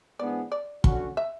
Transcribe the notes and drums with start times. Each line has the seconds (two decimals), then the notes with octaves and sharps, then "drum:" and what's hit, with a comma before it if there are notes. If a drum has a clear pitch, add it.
0.18 G#2 E3 B3 D4 G#4 D5
0.52 D5
0.84 D3 F#3 C#4 F#4, drum: kick
1.17 E5